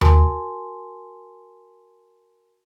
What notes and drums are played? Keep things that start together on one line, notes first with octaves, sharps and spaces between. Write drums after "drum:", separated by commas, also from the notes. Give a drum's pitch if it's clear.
F#4 A#4 G#5 A5 C6, drum: tom D#2